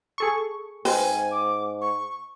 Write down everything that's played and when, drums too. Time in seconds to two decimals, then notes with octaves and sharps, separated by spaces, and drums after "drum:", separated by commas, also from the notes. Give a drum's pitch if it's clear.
0.18 G#4 A4 C#6
0.85 G#2 C4 B4 D#5 G#5, drum: open hi-hat
1.32 D6
1.81 C#6